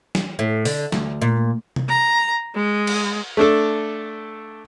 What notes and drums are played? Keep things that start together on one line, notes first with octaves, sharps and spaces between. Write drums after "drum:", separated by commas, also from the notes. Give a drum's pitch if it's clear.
drum: snare
A2
D3, drum: open hi-hat
D2, drum: snare
A#2
drum: tom C3
A#5
G#3
drum: cymbal
A3 D4 A4